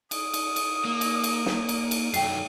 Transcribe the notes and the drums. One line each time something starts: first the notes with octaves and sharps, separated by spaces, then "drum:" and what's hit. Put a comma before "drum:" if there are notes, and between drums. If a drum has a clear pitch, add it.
D#6, drum: cymbal
drum: cymbal
drum: cymbal
A#3
drum: cymbal
drum: cymbal
drum: snare
drum: cymbal
drum: cymbal
F#2 A3 G5 C7, drum: cymbal